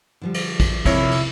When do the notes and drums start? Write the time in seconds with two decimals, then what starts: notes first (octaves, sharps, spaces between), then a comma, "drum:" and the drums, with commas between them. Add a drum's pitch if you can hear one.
0.21 D3 F3 G3
0.34 drum: cymbal
0.60 drum: kick A#1, cymbal
0.85 F2 C3 E4 C#5 A#6, drum: kick A#1, cymbal
1.11 drum: cymbal